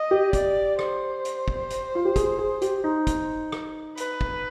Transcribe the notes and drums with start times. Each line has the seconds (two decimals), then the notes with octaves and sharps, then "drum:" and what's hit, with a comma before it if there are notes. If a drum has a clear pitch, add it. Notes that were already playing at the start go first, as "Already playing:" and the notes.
Already playing: D#5
0.11 G4
0.33 D5, drum: kick, hi-hat
0.79 C5, drum: rim click
1.25 drum: hi-hat
1.48 drum: kick
1.70 drum: hi-hat
1.95 F4
2.05 G4
2.16 G#4, drum: kick, hi-hat
2.39 G#4
2.62 G4, drum: hi-hat
2.84 D#4
3.07 drum: kick, hi-hat
3.52 drum: rim click
3.97 B4, drum: hi-hat
4.21 drum: kick